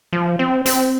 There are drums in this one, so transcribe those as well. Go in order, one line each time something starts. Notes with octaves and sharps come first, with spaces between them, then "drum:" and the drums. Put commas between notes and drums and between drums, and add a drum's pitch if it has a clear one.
F3
C4
C4, drum: hi-hat